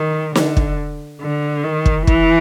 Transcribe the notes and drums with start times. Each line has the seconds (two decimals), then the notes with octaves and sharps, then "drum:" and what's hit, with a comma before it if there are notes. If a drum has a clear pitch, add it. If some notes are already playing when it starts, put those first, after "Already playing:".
Already playing: D#3
0.35 D3, drum: snare
0.57 drum: kick
1.22 D3
1.64 D#3
1.86 drum: kick
2.07 E3, drum: kick